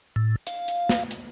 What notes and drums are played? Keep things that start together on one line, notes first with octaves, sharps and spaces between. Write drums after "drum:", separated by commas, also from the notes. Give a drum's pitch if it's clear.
A2
F5, drum: hi-hat
drum: hi-hat
drum: snare
drum: hi-hat